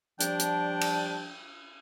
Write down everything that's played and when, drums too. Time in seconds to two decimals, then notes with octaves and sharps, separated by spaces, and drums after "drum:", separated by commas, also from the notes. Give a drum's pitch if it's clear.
0.20 F3 G3 D4 G5, drum: hi-hat
0.39 drum: hi-hat
0.81 drum: cymbal